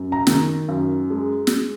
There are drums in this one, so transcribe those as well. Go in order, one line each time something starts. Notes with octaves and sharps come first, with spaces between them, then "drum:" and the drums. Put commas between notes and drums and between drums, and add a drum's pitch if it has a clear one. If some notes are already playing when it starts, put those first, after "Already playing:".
Already playing: F#2
A#5
D#3, drum: snare
F#2
G#3
drum: snare